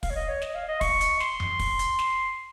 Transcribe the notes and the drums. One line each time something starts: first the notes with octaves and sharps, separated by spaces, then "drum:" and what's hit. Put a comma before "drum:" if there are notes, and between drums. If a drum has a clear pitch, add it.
F5, drum: kick, open hi-hat
C#5
D#5
C#5
D#5, drum: snare
F5
D#5
C#6, drum: kick, open hi-hat
drum: hi-hat
C6, drum: snare
drum: tom F2
drum: kick, open hi-hat
drum: hi-hat
drum: snare